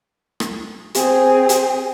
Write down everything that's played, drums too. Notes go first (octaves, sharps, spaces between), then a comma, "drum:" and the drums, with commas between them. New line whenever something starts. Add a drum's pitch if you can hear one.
drum: rim click
C4 G#4, drum: hi-hat
drum: hi-hat